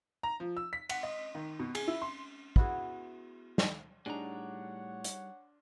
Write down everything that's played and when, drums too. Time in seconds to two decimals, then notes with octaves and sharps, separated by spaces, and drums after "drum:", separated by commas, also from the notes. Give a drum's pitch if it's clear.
0.23 A#5
0.40 F3
0.57 E6
0.73 B6
0.89 F#5, drum: cymbal
1.03 D#5
1.35 D#3
1.59 B2
1.75 G#4, drum: cymbal
1.88 E4
2.02 C6
2.56 B3 E4 F#4 G#4, drum: kick
3.58 drum: snare
4.06 A2 G3 D4 D#4 G#4 C#5 F#5 A#5
5.04 drum: hi-hat